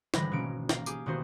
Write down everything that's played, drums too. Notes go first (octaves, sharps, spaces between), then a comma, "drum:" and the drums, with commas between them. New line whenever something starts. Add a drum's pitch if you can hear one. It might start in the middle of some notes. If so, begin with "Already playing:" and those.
G#1 D3 E3 G3 B5 A#6, drum: snare
B2 G#3 A#3 C#4 D7
A#3 F5, drum: snare
G4 G#4 G#5 D6, drum: tambourine
E1 D#3 B3 F#4 C5